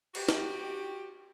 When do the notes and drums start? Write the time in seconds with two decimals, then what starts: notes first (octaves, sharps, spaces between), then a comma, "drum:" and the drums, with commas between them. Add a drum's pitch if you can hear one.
0.15 F#4 G4, drum: cymbal
0.29 drum: snare E4